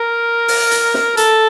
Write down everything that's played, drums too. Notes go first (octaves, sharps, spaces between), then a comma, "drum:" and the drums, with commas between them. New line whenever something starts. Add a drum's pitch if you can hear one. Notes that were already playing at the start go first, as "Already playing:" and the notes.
Already playing: A#4
drum: open hi-hat
drum: hi-hat
drum: snare
A4, drum: hi-hat